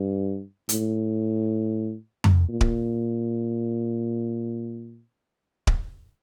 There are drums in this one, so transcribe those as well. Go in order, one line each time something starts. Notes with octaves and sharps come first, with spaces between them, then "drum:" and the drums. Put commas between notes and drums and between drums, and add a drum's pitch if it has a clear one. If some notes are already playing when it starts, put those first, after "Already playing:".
Already playing: G2
A2, drum: hi-hat
drum: tom F2
A#2
drum: kick D1
drum: kick D1